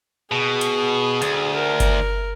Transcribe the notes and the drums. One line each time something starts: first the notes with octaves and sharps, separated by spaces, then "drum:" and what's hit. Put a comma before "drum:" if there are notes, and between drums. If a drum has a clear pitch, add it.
B2 G#4
drum: hi-hat
D2, drum: hi-hat
A#4
drum: kick G1, hi-hat